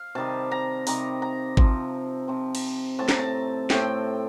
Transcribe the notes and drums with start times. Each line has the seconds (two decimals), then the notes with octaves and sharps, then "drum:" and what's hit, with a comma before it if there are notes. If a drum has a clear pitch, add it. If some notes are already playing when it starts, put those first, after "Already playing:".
Already playing: F5
0.15 C3 D#3 G3 A5
0.51 A#5
0.87 C3 D#3 G3 A#5, drum: open hi-hat
1.22 A#5
1.57 C3 F3 C4, drum: kick G#1
2.28 C3 F3 C4
2.55 drum: cymbal
2.99 A2 A3 C4 A5
3.09 A#5, drum: snare
3.19 A5
3.70 A2 A3 C4 G5, drum: snare